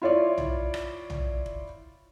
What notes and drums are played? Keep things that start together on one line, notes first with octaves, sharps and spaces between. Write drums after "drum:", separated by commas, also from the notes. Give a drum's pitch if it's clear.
E4 F4 C#5 D5
drum: tom B1
drum: rim click
drum: tom B1
drum: kick F1